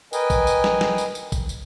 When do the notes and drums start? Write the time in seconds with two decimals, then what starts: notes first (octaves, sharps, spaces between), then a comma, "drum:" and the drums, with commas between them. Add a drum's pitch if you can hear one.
0.13 A#4 B4 D#5 G5 G#5, drum: tambourine
0.30 drum: kick A1, tambourine
0.47 drum: tambourine
0.64 drum: snare
0.81 drum: snare
0.98 drum: tambourine
1.15 drum: tambourine
1.32 drum: kick A1, tambourine
1.49 drum: tambourine